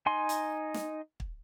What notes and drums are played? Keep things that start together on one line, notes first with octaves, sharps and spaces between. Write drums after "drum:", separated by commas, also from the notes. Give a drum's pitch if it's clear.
D#4 G#5 C6
drum: hi-hat
drum: snare
drum: kick